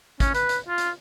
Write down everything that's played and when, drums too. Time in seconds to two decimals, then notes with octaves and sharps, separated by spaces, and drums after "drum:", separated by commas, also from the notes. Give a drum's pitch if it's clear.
0.20 C#4, drum: kick, hi-hat
0.35 B4, drum: hi-hat
0.49 drum: hi-hat
0.68 F4
0.78 drum: hi-hat